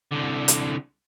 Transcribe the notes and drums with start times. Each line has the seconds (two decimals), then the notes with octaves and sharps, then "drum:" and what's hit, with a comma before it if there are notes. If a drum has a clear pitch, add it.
0.11 C2 D3
0.48 drum: hi-hat